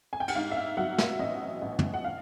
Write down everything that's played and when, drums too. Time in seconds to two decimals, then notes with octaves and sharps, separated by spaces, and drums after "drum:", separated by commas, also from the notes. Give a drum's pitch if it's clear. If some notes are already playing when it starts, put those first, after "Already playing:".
0.13 G#5
0.20 G5
0.28 F#5, drum: cymbal
0.35 G#2 F5
0.51 E5
0.57 F5
0.77 F#3 F#5
0.98 E5, drum: snare
1.19 A1 D#5
1.62 A1
1.79 drum: tom
1.94 F#5
2.04 F5